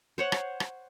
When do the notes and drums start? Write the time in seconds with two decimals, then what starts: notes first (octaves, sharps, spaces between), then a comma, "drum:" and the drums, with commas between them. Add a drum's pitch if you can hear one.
0.18 C5 C#5 F#5
0.32 drum: rim click
0.60 drum: rim click